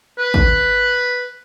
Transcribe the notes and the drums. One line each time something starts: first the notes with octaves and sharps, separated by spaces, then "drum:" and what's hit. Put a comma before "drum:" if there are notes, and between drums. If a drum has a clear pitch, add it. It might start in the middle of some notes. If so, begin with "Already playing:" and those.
B4
drum: kick